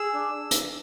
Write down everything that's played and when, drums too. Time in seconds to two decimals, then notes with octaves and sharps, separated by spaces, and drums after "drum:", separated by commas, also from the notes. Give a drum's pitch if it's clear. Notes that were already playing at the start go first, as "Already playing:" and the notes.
Already playing: G#4 E6
0.14 D4
0.51 drum: hi-hat